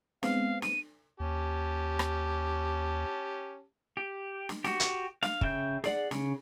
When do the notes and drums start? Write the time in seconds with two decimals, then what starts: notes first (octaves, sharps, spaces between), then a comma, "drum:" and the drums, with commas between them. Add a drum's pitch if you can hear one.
0.23 G#3 B3 C4 F5, drum: snare
0.62 D#7, drum: snare
1.20 D#2 C#4 G4 A5
1.99 drum: rim click
3.97 G4
4.49 drum: snare
4.64 F#4 G4, drum: snare
4.80 drum: hi-hat
5.23 F5, drum: snare
5.41 C#3 E5 G5 G6, drum: kick
5.84 G#4 D5 F#5, drum: snare
6.11 C#3, drum: snare